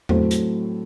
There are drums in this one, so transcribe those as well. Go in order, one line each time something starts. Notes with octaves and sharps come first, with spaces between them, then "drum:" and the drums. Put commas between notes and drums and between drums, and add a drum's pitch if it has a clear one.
A2 F#3 A3 C4, drum: tom E2
drum: hi-hat